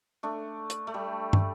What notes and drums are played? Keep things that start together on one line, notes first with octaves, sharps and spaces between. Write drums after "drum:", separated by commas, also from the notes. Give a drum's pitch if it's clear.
A3 D4
drum: hi-hat
A3
G3
drum: tom